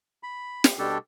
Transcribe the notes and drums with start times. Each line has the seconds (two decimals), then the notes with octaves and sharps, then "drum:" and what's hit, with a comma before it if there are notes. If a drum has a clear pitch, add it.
0.23 B5
0.64 drum: snare
0.78 B2 G3 D4 G4 A4